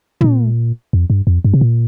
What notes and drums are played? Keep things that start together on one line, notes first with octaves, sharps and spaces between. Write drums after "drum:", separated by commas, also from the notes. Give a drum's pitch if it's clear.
A2, drum: tom
A#2
F2
G2
F2
G2
C3
A#2